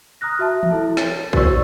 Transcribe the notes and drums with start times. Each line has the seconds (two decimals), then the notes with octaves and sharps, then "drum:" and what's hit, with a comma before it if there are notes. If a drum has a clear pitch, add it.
0.21 A#5 D#6 F6 F#6 A#6
0.39 F#4 E5 A5
0.63 drum: tom E3
0.72 E4 A4
0.97 C#5 A6, drum: snare
1.33 F#4 A#4 C5 D5 C#6 E6, drum: kick